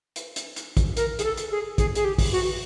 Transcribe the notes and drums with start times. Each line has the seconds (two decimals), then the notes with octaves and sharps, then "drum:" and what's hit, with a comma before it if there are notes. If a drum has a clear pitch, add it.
0.16 drum: hi-hat
0.36 drum: hi-hat
0.56 drum: hi-hat
0.77 drum: kick, hi-hat
0.97 A#4, drum: hi-hat
1.19 G#4, drum: hi-hat
1.24 A4
1.37 drum: hi-hat
1.51 G#4
1.78 G#4, drum: kick, hi-hat
1.95 G#4, drum: hi-hat
2.05 G4
2.18 drum: kick, open hi-hat
2.32 F#4